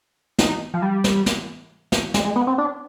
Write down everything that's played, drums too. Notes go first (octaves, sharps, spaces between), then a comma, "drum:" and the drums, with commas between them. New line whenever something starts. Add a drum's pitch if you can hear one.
D#4, drum: snare
F3
G3
drum: snare
drum: snare
drum: snare
G#3, drum: snare
G#3
B3
C4
D4